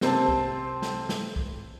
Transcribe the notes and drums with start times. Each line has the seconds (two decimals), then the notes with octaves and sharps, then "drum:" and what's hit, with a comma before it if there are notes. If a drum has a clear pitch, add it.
0.01 C3 C4 C5 A5, drum: snare
0.28 drum: kick C2
0.82 drum: snare
1.09 drum: snare
1.36 drum: kick C2